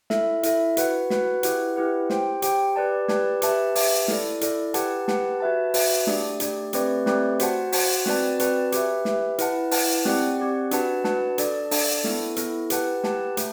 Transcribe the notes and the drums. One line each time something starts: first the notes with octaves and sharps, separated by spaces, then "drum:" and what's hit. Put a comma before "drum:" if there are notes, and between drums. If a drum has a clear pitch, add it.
E4 A4 E5, drum: snare
E4 A4 E5, drum: hi-hat
F#4 B4 F#5, drum: hi-hat
F#4 B4 F#5, drum: snare
E4 G4 B4 F#5, drum: hi-hat
E4 G4 B4 F#5
G4 C5 G5, drum: snare
G4 C5 G5, drum: hi-hat
G4 B4 D5 A5
G4 B4 D5 A5, drum: snare
G4 B4 E5 A5, drum: hi-hat
G4 B4 E5 A5, drum: open hi-hat
E4 A4 D5, drum: snare
E4 A4 D5, drum: hi-hat
G4 B4 F#5 A5, drum: hi-hat
G4 B4 F#5 A5, drum: snare
F#4 B4 E5 A5
F#4 B4 E5 A5, drum: open hi-hat
A3 D4 G4 D5, drum: snare
A3 D4 G4 D5, drum: hi-hat
A3 C4 G4 B4 D5, drum: hi-hat
A3 C4 G4 B4 D5, drum: snare
F#4 C5 F#5 A5, drum: hi-hat
F#4 C5 F#5 A5, drum: open hi-hat
C4 F#4 B4 D5 A5, drum: snare
C4 F#4 B4 D5 A5, drum: hi-hat
G4 B4 E5, drum: hi-hat
G4 B4 E5, drum: snare
E4 B4 F#5 A5, drum: hi-hat
E4 B4 F#5 A5, drum: open hi-hat
C4 G4 D5 F#5, drum: snare
C4 G4 D5 F#5
D4 F#4 B4 F#5 A5, drum: hi-hat
D4 F#4 B4 F#5 A5, drum: snare
D4 A4 D5 A5, drum: hi-hat
D4 A4 D5 A5, drum: open hi-hat
B3 E4 A4, drum: snare
B3 E4 A4, drum: hi-hat
G4 B4 F#5 A5, drum: hi-hat
G4 B4 F#5 A5, drum: snare
A3, drum: hi-hat